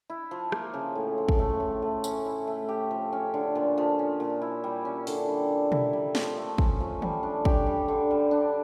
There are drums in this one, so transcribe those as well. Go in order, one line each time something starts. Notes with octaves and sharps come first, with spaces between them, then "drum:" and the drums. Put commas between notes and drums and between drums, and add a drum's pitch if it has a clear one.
E4
F3
A#3, drum: rim click
C#3
A2
F3
drum: kick
A3
A2
A3
C#4, drum: tambourine
E4
A3
G4
F3
C#4
D3
A#2
F3
C#4
A#2
E4
G3
C#4
D3, drum: open hi-hat
G3
A#3
E4, drum: tom B2
G3
F3, drum: snare
A3
C#4, drum: kick
F3
G3, drum: tom D#3
D4
G4, drum: kick
G3
D3
G3
D4